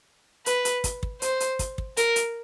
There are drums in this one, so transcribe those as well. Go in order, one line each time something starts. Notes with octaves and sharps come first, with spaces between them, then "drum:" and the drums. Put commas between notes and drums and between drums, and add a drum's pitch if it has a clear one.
B4, drum: hi-hat
drum: hi-hat
drum: kick, hi-hat
drum: kick
C5, drum: hi-hat
drum: hi-hat
drum: kick, hi-hat
drum: kick
A#4, drum: hi-hat
drum: hi-hat